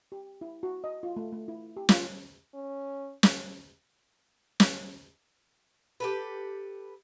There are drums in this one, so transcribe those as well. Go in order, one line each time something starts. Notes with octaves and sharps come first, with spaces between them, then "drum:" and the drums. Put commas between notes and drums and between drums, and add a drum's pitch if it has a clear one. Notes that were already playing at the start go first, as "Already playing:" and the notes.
G4
E4
F#4
D#5
F4
A3
A3
E4
G4
F4, drum: snare
C#4
drum: snare
drum: snare
G4 A4 B4